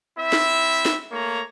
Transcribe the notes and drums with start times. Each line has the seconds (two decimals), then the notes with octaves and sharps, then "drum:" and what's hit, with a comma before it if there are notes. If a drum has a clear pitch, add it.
0.18 C4 E4 E5
0.33 drum: snare
0.85 drum: snare
1.12 A3 A#3 C#5 A#5